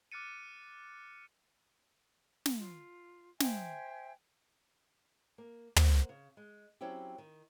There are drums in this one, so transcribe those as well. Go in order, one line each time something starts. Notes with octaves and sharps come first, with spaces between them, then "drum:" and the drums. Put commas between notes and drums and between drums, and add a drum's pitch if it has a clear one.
D6 F6 F#6 A6 C#7 D#7
drum: snare
F4
C5 E5 G5 G#5, drum: snare
A#3
A#3 C5 F#5, drum: tom
C#3
G#3
F#3 C4 C#4 E4 G4
D#3